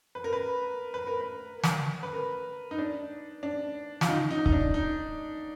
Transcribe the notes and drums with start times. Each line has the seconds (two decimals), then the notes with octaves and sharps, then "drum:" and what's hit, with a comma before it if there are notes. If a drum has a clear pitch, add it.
0.15 B4
0.24 A#4
0.33 B4
0.94 B4
1.07 A#4
1.21 B4
1.64 drum: snare
2.03 B4
2.13 A#4
2.71 D#4
2.78 D4
3.43 D4
4.01 F4, drum: snare
4.08 D#4
4.31 D#4
4.46 D#4, drum: kick C#1
4.52 D4
4.74 D#4